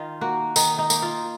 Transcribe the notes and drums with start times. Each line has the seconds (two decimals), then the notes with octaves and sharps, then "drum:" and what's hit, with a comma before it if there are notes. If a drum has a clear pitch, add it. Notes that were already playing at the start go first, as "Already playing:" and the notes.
Already playing: D#3 F4
0.21 A#3 F#4
0.56 D#3 D#4, drum: tambourine
0.79 D#4
0.90 A#3, drum: tambourine
1.02 F4